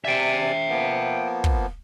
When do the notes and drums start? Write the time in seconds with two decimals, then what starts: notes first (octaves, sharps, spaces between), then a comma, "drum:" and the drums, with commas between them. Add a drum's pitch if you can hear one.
0.05 C3 D5 E5 G5 G#5
0.69 F3 A#3 B3
1.44 drum: kick